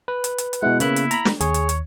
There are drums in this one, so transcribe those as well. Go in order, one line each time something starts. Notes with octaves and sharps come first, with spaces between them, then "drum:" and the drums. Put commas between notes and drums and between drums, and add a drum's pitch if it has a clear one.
B4
drum: hi-hat
drum: hi-hat
drum: hi-hat
B2 G#3 B3 E4 F#5
C#3 A#3 B3 E4 F#6, drum: hi-hat
drum: hi-hat
A#5 B5, drum: hi-hat
drum: snare
D#2 G#4 C#5, drum: hi-hat
drum: hi-hat
drum: hi-hat